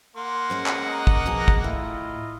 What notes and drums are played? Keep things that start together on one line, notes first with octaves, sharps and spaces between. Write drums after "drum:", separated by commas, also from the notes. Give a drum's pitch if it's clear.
A#3 F#5 C6
G#3 C#4 C5
drum: clap
D#5 A#5
drum: kick
B2 F3 G#4
drum: kick
A2 E4 F4 D#5